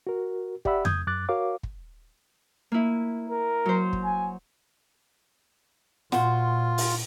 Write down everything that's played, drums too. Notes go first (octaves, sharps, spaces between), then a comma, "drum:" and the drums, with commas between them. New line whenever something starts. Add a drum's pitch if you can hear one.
F#4 A#4
G4 D5 E5 F#5 B5 E6, drum: kick
D#6 G6 G#6, drum: tom F2
F#2 D6 F#6 A6
F#4 A#4 C#5 F5 D6
drum: kick
A#3 E4
A#4
F#3 C5
drum: kick
G#5
A#2 F4 F#4 C5, drum: snare
drum: open hi-hat